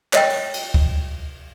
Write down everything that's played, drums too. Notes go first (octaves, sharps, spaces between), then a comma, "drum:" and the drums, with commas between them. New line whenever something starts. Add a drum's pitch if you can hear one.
C#5 D#5 G5, drum: clap
drum: open hi-hat
drum: cymbal
drum: kick C#2